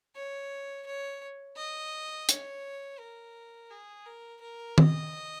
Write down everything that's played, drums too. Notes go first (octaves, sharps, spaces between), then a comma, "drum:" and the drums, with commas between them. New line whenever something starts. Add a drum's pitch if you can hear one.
C#5
C#5
D#5
C#5, drum: hi-hat
A#4
G#4
A#4
A#4
D#5, drum: tom